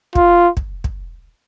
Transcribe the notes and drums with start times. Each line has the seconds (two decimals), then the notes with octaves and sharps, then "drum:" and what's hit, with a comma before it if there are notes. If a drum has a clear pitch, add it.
0.15 F4, drum: kick
0.57 drum: kick
0.84 drum: kick